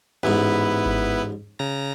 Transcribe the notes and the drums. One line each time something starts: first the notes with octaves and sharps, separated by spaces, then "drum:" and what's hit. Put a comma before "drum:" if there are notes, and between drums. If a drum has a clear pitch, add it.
A1 G#2 B3 E4 B4
drum: kick G#1
C#3 A#5 A#6